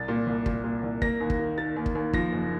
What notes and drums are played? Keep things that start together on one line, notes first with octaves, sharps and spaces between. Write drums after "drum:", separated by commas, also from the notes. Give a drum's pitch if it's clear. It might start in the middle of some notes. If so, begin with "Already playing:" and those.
Already playing: C2 A6
A#2
C2
A#2, drum: kick
A#2
C2
A#3 A#6, drum: kick
D#2
drum: kick
D#3
D#3 A6
D#2
drum: kick
D#2
F3 A#6, drum: kick
F#1